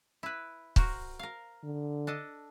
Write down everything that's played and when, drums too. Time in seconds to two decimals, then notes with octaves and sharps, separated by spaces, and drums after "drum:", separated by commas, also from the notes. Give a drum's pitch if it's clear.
0.23 E4 B4
0.76 F#4 A#4 C5, drum: kick
1.19 A#4 F5
1.63 D3
2.07 D4 A4 D#5